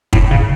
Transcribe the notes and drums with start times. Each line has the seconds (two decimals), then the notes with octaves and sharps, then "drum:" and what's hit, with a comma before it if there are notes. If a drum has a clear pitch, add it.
0.13 A2, drum: kick
0.31 C#3